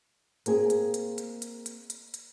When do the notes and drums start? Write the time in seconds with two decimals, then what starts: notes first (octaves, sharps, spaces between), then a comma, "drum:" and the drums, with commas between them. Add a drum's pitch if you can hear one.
0.46 A#3 C4 G#4, drum: hi-hat
0.70 drum: hi-hat
0.94 drum: hi-hat
1.18 drum: hi-hat
1.42 drum: hi-hat
1.66 drum: hi-hat
1.90 drum: hi-hat
2.14 drum: hi-hat